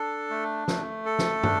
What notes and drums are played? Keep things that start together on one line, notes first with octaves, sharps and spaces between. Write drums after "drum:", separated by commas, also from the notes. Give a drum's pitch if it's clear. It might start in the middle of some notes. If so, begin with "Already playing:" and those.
Already playing: D4 A4
A3
A3, drum: snare
A4
drum: snare
D4, drum: tom